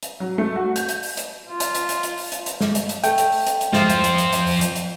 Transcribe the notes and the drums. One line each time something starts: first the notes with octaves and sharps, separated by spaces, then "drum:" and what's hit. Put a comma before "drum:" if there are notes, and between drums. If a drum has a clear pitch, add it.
drum: hi-hat
F#3
A3
F#4
G6, drum: hi-hat
drum: hi-hat
drum: open hi-hat
drum: hi-hat
F4
drum: hi-hat
drum: hi-hat
drum: hi-hat
drum: hi-hat
drum: open hi-hat
drum: hi-hat
drum: hi-hat
drum: snare
drum: hi-hat
drum: hi-hat
A3 G5, drum: hi-hat
drum: hi-hat
drum: open hi-hat
drum: hi-hat
drum: hi-hat
F3 C4 F4 C5, drum: snare
drum: hi-hat
drum: hi-hat
drum: hi-hat
drum: hi-hat
drum: open hi-hat
drum: hi-hat
drum: hi-hat